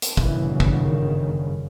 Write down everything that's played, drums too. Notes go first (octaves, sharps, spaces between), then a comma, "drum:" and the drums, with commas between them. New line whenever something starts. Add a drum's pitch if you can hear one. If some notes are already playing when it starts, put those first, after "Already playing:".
drum: hi-hat
G1 F#2 C#3 E3, drum: kick
drum: kick
D#3